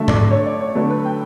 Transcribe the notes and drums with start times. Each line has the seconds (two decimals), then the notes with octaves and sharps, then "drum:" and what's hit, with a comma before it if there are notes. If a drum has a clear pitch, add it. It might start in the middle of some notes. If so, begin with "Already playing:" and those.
Already playing: D3 F#3 A3 E5
0.08 D5, drum: tom G#2
0.31 C#5
0.46 D5
0.60 C#5
0.75 D3 F#3 A3 B4
0.90 B4
1.05 G5